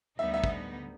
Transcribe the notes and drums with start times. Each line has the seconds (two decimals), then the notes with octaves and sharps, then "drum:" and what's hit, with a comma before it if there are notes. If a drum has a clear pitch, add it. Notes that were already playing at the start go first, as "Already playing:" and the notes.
0.19 D2 D3 G3 B3 D#4 E5
0.34 E5
0.44 drum: kick